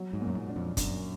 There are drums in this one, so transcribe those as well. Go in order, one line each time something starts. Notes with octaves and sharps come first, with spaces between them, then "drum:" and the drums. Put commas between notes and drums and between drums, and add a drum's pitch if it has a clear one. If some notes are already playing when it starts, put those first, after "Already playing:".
Already playing: F#3
G#2
A#2
F#2
G#2
D4
F2
F#2 D4, drum: kick, hi-hat